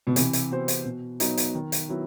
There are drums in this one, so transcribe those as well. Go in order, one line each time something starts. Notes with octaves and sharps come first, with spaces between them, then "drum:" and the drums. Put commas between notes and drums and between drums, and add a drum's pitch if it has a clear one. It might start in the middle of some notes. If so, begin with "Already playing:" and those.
B2
C3 E3, drum: hi-hat
drum: hi-hat
B3 F#4 C5
drum: hi-hat
B2
F#3 B3 D#4, drum: hi-hat
drum: hi-hat
D#3
drum: hi-hat
F#3 B3 E4